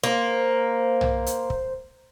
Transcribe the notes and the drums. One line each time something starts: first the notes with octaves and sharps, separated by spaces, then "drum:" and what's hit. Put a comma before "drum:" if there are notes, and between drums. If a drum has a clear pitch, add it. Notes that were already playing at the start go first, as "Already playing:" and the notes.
A#3 C5
drum: tom B1
drum: hi-hat
drum: kick